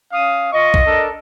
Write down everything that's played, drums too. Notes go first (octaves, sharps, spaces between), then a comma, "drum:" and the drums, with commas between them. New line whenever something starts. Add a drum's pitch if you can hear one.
C#4 F5 D#6
F4 D#5 C#6
drum: kick
D4 A4 A#4